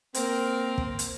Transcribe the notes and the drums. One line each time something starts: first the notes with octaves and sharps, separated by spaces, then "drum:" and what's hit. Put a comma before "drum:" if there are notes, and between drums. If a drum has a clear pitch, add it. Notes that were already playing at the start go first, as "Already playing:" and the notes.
A#3 C4 A#4, drum: hi-hat
drum: kick
drum: hi-hat